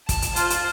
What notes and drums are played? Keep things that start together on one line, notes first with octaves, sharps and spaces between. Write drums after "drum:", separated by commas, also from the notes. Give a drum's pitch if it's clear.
A5, drum: kick, hi-hat
drum: hi-hat
F4 C5, drum: hi-hat
drum: hi-hat